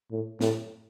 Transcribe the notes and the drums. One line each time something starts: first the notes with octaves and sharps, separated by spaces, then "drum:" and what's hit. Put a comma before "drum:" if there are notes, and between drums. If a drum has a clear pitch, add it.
A2
A2, drum: snare